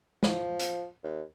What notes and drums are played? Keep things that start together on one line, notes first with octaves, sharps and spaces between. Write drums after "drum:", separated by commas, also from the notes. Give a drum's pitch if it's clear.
F3, drum: snare
drum: hi-hat
D#2